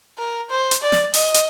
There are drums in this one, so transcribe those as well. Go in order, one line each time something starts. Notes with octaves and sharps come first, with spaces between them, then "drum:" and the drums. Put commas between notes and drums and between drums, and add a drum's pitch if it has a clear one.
A#4
C5
drum: hi-hat
D5
drum: snare
D#5, drum: open hi-hat
drum: hi-hat